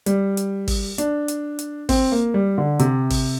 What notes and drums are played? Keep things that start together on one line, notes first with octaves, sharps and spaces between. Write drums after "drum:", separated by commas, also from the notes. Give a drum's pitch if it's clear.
G3, drum: hi-hat
drum: hi-hat
drum: kick, open hi-hat
D4, drum: hi-hat
drum: hi-hat
drum: hi-hat
C4, drum: kick, open hi-hat
A#3
G3
D3
C3, drum: hi-hat
drum: kick, open hi-hat